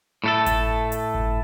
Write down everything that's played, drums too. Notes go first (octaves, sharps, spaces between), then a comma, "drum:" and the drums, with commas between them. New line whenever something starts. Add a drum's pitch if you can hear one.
A2 A3 A4
drum: kick G#1, hi-hat
drum: hi-hat
drum: kick G#1